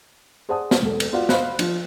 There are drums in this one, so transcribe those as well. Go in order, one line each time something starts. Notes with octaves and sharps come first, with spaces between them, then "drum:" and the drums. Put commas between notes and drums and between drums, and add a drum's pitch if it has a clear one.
G#4 C5 D5 F#5 A5 D#6
drum: snare
E1 A4
drum: cymbal
F4 F#4 D5 F5 F#5
C5 D#5 F5 B5 F#6, drum: snare
F3 F4, drum: cymbal